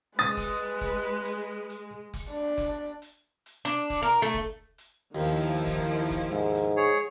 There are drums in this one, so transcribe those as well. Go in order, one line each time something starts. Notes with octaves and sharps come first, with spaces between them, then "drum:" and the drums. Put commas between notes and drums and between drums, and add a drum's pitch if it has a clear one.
G#3 B4 D#6 A6
drum: kick F1, open hi-hat
drum: kick F1, hi-hat
drum: hi-hat
drum: hi-hat
drum: kick F1, open hi-hat
D4
drum: kick F1, hi-hat
drum: hi-hat
drum: hi-hat
D4
drum: kick F1, open hi-hat
A#4
A3
drum: kick F1, hi-hat
drum: hi-hat
D#2 D#3 F3 E4
drum: kick F1, open hi-hat
drum: kick F1, hi-hat
G#2
drum: hi-hat
G#4 C#5